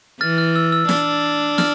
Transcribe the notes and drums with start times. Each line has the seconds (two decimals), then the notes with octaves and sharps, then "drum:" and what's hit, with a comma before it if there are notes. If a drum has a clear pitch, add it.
0.20 E3 F6 A6
0.38 F6
0.56 E6
0.72 E6
0.89 D4, drum: snare
1.58 F6, drum: snare